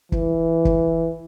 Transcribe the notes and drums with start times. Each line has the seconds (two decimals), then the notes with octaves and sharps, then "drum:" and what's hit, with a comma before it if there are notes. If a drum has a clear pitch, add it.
0.12 E3, drum: kick
0.65 drum: kick